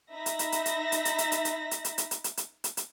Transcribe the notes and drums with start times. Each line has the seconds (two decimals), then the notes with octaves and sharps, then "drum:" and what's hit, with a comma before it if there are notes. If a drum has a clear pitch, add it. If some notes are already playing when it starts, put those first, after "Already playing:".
0.13 D#4 E5 B5 A#6
0.26 drum: hi-hat
0.39 drum: hi-hat
0.52 drum: hi-hat
0.66 drum: hi-hat
0.92 drum: hi-hat
1.05 drum: hi-hat
1.18 drum: hi-hat
1.32 drum: hi-hat
1.45 drum: hi-hat
1.71 drum: hi-hat
1.85 drum: hi-hat
1.98 drum: hi-hat
2.11 drum: hi-hat
2.24 drum: hi-hat
2.37 drum: hi-hat
2.64 drum: hi-hat
2.77 drum: hi-hat